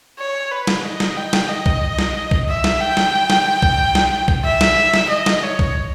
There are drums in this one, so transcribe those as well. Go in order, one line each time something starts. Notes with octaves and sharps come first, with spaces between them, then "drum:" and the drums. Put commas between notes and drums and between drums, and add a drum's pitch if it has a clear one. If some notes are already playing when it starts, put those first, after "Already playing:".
C#5
B4
drum: snare
D#5
drum: snare
G5
drum: snare
D#5
drum: kick B1
drum: snare
drum: kick B1
E5
drum: snare
G5
drum: snare
drum: snare
drum: kick B1
drum: snare
drum: kick B1
E5
drum: snare
drum: snare
D#5
drum: snare
C#5
drum: kick B1